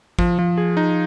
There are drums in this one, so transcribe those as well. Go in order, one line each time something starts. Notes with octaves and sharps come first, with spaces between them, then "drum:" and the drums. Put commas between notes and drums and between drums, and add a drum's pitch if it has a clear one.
F3, drum: kick
F3
G#4
D#4